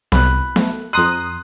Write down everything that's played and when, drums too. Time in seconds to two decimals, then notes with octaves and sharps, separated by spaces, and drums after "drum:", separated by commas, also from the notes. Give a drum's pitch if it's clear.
0.12 C2 B5 F#6, drum: snare B3
0.56 A3, drum: snare B3
0.93 F2 A#5 C6 D#6 F#6